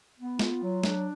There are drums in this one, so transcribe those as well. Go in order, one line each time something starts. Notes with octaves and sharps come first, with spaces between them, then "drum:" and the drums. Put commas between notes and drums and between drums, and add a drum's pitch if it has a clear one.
B3
F4, drum: snare
F#3
D4, drum: snare